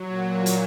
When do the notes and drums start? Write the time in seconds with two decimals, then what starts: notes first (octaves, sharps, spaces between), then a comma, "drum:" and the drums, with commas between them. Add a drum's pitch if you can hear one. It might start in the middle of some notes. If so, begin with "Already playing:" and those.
Already playing: F#3
0.08 A#2
0.46 drum: hi-hat